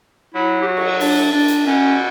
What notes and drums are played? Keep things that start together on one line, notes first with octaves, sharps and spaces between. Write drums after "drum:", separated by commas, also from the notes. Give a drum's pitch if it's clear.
F#3 E4
G4
F#4
drum: cymbal
D4, drum: open hi-hat
D4
drum: hi-hat
B2 C#4